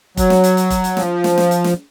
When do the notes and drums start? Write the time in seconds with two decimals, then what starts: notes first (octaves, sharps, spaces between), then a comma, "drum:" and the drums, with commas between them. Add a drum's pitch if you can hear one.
0.17 F#3, drum: kick F1, hi-hat
0.30 drum: snare
0.44 drum: hi-hat
0.57 drum: hi-hat
0.70 drum: kick F1, hi-hat
0.84 drum: hi-hat
0.97 F3, drum: snare
1.24 drum: snare
1.38 drum: snare
1.51 drum: hi-hat
1.64 drum: snare